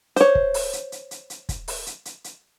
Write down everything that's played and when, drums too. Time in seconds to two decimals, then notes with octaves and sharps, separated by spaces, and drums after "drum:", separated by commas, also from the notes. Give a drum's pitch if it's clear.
0.16 C5 C#5, drum: hi-hat
0.35 drum: kick
0.54 drum: open hi-hat
0.73 drum: hi-hat
0.92 drum: hi-hat
1.11 drum: hi-hat
1.30 drum: hi-hat
1.49 drum: kick, hi-hat
1.68 drum: open hi-hat
1.87 drum: hi-hat
2.05 drum: hi-hat
2.24 drum: hi-hat